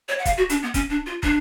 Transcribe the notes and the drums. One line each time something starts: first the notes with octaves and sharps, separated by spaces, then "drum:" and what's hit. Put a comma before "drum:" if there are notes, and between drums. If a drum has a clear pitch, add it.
C#5
F#5
F5, drum: kick, hi-hat
F#4
D4, drum: hi-hat
B3
C#4, drum: kick, hi-hat
D4
F4
D4, drum: kick